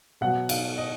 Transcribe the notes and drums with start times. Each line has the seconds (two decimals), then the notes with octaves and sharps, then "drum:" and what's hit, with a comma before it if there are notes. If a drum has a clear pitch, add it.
0.21 B2 F#3 F#5
0.49 F5, drum: cymbal
0.78 D#5